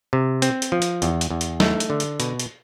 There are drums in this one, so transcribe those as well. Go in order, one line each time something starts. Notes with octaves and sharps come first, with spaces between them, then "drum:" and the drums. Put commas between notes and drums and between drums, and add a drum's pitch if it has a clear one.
C3
C4, drum: hi-hat
drum: hi-hat
F3
drum: hi-hat
E2, drum: hi-hat
drum: hi-hat
E2
drum: hi-hat
A3, drum: snare
drum: hi-hat
D3
drum: hi-hat
B2, drum: hi-hat
drum: hi-hat